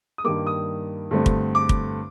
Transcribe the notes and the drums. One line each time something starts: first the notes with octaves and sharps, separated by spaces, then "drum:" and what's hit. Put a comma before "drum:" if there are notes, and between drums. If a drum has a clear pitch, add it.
D#6
G2 D#3 G3 A#3 D6
D#6
G2 D3 A3 C4
drum: kick
D6
drum: kick